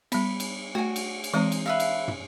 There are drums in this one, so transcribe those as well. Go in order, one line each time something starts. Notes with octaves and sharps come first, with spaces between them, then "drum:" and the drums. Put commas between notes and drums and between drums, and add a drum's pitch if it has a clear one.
G3 B3 B5, drum: cymbal
drum: cymbal
A3 F#4 G#5
drum: cymbal
drum: cymbal
E3 G#3 C4 D#4 C5
drum: cymbal
B4 E5 F5
drum: cymbal
drum: tom